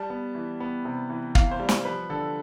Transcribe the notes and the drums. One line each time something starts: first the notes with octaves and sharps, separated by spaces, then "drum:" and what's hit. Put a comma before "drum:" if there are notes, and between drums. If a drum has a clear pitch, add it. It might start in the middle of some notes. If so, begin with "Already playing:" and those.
Already playing: G3 A5
B3
E3
B3
C3
E3
E3 F5, drum: kick
C5
G3
C5, drum: snare
F3 B4
D3 A4